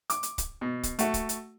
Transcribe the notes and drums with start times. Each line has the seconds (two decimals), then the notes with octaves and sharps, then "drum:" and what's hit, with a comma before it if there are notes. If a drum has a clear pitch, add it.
0.10 D6, drum: hi-hat
0.23 drum: hi-hat
0.38 drum: kick, hi-hat
0.61 B2
0.83 drum: kick, hi-hat
0.99 A3 F#4, drum: hi-hat
1.14 drum: kick, hi-hat
1.29 drum: hi-hat